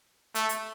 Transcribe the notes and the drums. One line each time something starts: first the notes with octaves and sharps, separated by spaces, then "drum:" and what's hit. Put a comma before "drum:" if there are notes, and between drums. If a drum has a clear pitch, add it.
A3, drum: hi-hat
drum: hi-hat